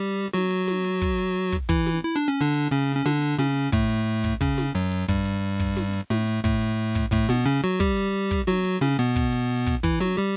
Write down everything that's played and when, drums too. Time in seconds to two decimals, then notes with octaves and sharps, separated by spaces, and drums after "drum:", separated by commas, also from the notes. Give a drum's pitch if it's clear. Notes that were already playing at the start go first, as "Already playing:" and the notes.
Already playing: G3 G4
0.33 F#3 F#4, drum: snare
0.51 drum: hi-hat
0.68 drum: snare
0.85 drum: hi-hat
1.02 drum: kick
1.19 drum: hi-hat
1.52 drum: kick, hi-hat
1.69 E3 E4, drum: kick
1.86 drum: snare
2.04 E4
2.16 D4
2.28 C#4
2.41 D3 D4
2.54 drum: hi-hat
2.71 C#3 C#4
2.96 C#4
3.06 D3 D4, drum: snare
3.22 drum: hi-hat
3.38 C#3 C#4, drum: snare
3.72 A2 A3, drum: kick
3.90 drum: hi-hat
4.24 drum: kick, hi-hat
4.41 C#3 C#4, drum: kick
4.58 drum: snare
4.75 F#2 F#3
4.92 drum: hi-hat
5.09 G2 G3, drum: kick
5.26 drum: hi-hat
5.60 drum: kick
5.77 drum: snare
5.93 drum: hi-hat
6.10 A2 A3, drum: snare
6.27 drum: hi-hat
6.44 A2 A3, drum: kick
6.61 drum: hi-hat
6.95 drum: kick, hi-hat
7.12 A2 A3, drum: kick
7.29 B2 B3, drum: snare
7.46 C#3 C#4
7.64 F#3 F#4, drum: hi-hat
7.80 G3 G4, drum: kick
7.97 drum: hi-hat
8.31 drum: kick, hi-hat
8.47 F#3 F#4, drum: snare
8.65 drum: hi-hat
8.81 C#3 C#4, drum: snare
8.99 B2 B3, drum: hi-hat
9.16 drum: kick
9.33 drum: hi-hat
9.67 drum: kick, hi-hat
9.83 E3 E4, drum: kick
10.00 F#3 F#4, drum: snare
10.17 G3 G4